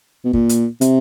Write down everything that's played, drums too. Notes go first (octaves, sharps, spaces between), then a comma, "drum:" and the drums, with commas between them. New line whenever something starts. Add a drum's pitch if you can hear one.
B2
A#2, drum: kick
drum: hi-hat
C3, drum: hi-hat